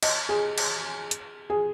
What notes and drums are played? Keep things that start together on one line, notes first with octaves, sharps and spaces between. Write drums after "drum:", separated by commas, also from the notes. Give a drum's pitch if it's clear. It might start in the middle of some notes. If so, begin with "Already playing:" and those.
D#5, drum: cymbal
G#4
drum: cymbal
drum: hi-hat
G#4